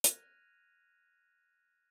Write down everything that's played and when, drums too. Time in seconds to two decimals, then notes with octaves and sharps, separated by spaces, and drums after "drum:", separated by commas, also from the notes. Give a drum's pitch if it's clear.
0.04 F6 F#6 G#6 A#6 D#7 F7, drum: hi-hat